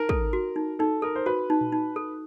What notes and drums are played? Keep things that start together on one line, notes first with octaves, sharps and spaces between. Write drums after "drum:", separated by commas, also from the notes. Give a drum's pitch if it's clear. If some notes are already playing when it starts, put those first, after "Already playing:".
Already playing: D#4 A#4
A4, drum: kick
F#4
D#4
D#4 A4
A4 A#4
C5
F#4 B4
D#4
drum: tom A#2
D#4
A4